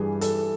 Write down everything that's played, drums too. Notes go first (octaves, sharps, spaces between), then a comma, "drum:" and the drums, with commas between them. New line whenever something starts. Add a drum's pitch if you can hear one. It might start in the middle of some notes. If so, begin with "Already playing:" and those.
Already playing: G2 E3 G3 G#4
A4, drum: hi-hat